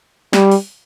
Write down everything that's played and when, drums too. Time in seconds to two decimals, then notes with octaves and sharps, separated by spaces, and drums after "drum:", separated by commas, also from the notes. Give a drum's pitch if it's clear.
0.33 G3, drum: snare
0.51 drum: open hi-hat